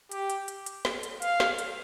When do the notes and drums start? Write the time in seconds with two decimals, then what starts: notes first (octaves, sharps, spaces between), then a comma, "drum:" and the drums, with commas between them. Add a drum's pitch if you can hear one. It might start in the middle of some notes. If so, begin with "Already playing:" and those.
0.12 G4, drum: hi-hat
0.30 drum: hi-hat
0.48 drum: hi-hat
0.66 drum: hi-hat
0.85 drum: snare
1.03 drum: hi-hat
1.22 F5, drum: hi-hat
1.40 drum: snare
1.58 drum: hi-hat